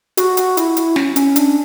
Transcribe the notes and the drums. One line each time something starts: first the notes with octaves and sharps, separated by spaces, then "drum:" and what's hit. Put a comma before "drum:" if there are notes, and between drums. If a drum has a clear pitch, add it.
F#4, drum: hi-hat
drum: hi-hat
E4, drum: hi-hat
drum: hi-hat
C#4, drum: snare
C#4, drum: hi-hat
D4, drum: hi-hat